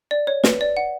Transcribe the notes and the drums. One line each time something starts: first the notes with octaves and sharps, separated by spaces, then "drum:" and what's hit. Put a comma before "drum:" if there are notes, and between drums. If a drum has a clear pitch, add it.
D5
C#5
B4, drum: snare
D5
F#5